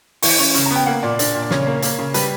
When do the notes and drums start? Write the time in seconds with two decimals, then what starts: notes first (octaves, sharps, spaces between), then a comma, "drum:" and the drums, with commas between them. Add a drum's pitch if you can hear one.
0.22 E3 C#6, drum: open hi-hat
0.39 C#4 C#6
0.54 C#3 C#6, drum: hi-hat
0.66 A#5
0.71 B3
0.76 G5
0.86 A#3 F#5
1.03 A#2 D5
1.19 D4, drum: hi-hat
1.35 A#2
1.42 D5
1.51 C#3 C#5, drum: snare
1.67 A#3
1.82 A#3, drum: hi-hat
1.99 C#3
2.14 G3 B4, drum: hi-hat